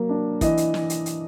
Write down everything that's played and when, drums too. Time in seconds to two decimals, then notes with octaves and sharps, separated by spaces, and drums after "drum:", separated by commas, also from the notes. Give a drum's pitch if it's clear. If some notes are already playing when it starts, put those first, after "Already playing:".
Already playing: F#3 A#3
0.09 D4
0.41 E3 D#5, drum: kick, hi-hat
0.57 drum: hi-hat
0.74 E3, drum: snare
0.90 drum: hi-hat
1.06 drum: hi-hat